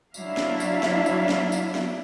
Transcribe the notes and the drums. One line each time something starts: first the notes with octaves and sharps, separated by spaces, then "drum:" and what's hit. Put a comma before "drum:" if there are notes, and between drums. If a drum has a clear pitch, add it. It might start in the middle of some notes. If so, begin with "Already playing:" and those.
F#3 D4 E4 E5 F5, drum: tambourine
drum: snare
drum: tambourine
drum: snare
drum: tambourine
drum: snare
drum: tambourine
drum: snare